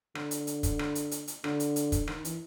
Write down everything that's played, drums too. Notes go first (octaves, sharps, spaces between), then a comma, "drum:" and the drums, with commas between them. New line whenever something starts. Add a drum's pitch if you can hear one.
D3, drum: rim click
drum: hi-hat
drum: hi-hat
drum: kick, hi-hat
drum: rim click
drum: hi-hat
drum: hi-hat
drum: hi-hat
D3, drum: rim click
drum: hi-hat
drum: hi-hat
drum: kick, hi-hat
D#3, drum: rim click
E3, drum: hi-hat